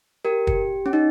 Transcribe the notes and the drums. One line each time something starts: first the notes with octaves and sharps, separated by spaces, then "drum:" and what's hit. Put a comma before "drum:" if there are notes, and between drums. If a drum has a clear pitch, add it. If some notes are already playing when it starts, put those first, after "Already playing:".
G4 A#4
G4, drum: kick
C#4
D#4